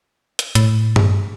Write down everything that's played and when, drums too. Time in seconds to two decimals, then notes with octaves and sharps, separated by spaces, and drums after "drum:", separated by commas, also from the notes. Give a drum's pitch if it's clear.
0.39 drum: hi-hat
0.55 A2, drum: hi-hat
0.96 drum: tom G2